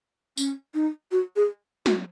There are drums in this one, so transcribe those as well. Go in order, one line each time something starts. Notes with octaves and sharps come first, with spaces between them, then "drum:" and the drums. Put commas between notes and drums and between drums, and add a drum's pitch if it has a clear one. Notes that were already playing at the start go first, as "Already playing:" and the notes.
C#4, drum: tambourine
D#4
F#4
G#4
F#4, drum: snare